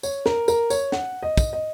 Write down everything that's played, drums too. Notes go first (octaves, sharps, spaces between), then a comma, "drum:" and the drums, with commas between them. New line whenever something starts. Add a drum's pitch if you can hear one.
C#5, drum: tambourine
A#4, drum: snare
A#4, drum: tambourine
C#5, drum: tambourine
F#5, drum: snare
D#5
drum: kick, tambourine
D#5